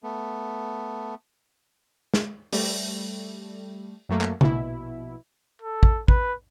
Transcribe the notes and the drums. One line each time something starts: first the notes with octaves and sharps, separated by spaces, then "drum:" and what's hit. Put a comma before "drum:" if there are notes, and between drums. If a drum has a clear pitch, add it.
A3 B3
drum: snare
G3 A3, drum: open hi-hat
F#2 F#3 A3 A#3
drum: clap
A#1 B2 E4, drum: tom C#3
A4
drum: kick
B4, drum: kick